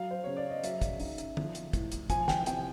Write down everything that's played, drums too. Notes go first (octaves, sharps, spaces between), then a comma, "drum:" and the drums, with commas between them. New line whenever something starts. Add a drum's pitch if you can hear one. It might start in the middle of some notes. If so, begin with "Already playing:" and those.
Already playing: F#3 F5
C5
C#3 C#5
D5
D#5
F#3 E5, drum: hi-hat
drum: kick, hi-hat
D#4, drum: open hi-hat
drum: hi-hat
F3, drum: tom
drum: hi-hat
A2, drum: kick, hi-hat
drum: hi-hat
F3 G#5, drum: kick, hi-hat
G5, drum: snare
C3 G5, drum: hi-hat